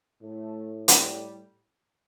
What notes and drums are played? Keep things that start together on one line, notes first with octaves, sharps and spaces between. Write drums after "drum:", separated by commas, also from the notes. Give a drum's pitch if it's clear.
A2 A3
G3, drum: hi-hat